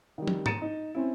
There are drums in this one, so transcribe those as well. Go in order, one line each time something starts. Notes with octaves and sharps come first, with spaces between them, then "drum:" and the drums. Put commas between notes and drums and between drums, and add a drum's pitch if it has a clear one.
D#3 G3
drum: tom
A#5 A6 C#7 D#7 E7, drum: tom G#2
D#4
C4 C#4 E4